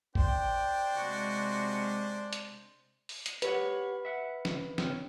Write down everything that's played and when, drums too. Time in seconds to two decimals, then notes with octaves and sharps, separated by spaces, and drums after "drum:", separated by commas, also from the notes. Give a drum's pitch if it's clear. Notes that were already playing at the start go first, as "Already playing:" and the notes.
0.15 D4 C5 G5, drum: kick A1
0.96 C3 G#3 F#4
2.33 drum: hi-hat
3.09 drum: open hi-hat
3.26 drum: hi-hat
3.42 G4 B4 C#5 F#5, drum: hi-hat
4.05 E5 F#5
4.45 drum: snare
4.78 C4 C#4, drum: snare